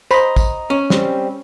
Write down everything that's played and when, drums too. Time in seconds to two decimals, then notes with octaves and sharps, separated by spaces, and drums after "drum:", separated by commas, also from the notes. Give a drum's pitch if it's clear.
0.11 C5 D#5 A#5 B5, drum: tambourine
0.36 drum: kick, tambourine
0.70 C#4
0.90 G3 C4, drum: snare